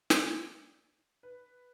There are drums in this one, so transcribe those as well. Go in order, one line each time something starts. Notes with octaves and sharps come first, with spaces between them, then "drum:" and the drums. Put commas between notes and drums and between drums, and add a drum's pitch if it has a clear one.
D5, drum: snare
B4